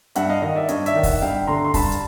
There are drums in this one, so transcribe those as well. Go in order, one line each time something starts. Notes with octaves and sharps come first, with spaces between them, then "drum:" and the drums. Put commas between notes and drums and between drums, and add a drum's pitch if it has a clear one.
G2 E5 F#5, drum: hi-hat
D#5 F5
D#3 D#5 F5
D5 E5
G2 C#5 D#5, drum: hi-hat
D5 E5, drum: hi-hat
D#3
E5 F#5, drum: kick, open hi-hat
G2 F5 G5
D3 A#5 C6
C6
G2 A5 B5, drum: kick, open hi-hat
drum: hi-hat